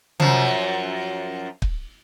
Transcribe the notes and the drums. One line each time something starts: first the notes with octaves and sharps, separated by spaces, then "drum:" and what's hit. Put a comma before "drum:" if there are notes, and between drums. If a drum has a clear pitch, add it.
F#2 F3, drum: tom
drum: kick